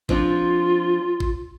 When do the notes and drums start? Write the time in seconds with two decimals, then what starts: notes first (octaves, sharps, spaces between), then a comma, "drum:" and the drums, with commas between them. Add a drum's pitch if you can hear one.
0.09 F3 C4 D4 F4, drum: kick
1.20 drum: kick